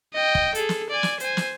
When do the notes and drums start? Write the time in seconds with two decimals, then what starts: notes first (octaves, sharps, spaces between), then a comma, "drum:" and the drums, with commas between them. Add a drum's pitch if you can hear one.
0.14 D#5 G5
0.35 drum: kick
0.55 G#4 A4, drum: hi-hat
0.69 drum: snare
0.90 D5 G#5
1.03 drum: snare
1.20 C5 G#5, drum: hi-hat
1.37 drum: snare